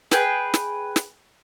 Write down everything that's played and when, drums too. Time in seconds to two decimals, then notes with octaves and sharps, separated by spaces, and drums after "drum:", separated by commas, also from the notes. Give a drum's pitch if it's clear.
0.11 G#4 B4 G5, drum: snare
0.54 drum: snare
0.96 drum: snare